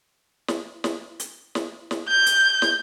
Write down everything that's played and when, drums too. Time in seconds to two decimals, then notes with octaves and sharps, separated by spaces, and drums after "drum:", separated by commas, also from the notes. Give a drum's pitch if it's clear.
0.48 drum: snare
0.84 drum: snare
1.20 drum: hi-hat
1.55 drum: snare
1.91 drum: snare
2.09 G6
2.26 drum: hi-hat
2.62 drum: snare